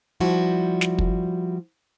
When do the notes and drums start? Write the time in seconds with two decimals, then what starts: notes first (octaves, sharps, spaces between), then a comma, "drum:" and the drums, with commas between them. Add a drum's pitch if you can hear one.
0.20 F3 G3 E4 F#4
0.81 drum: snare
0.99 drum: kick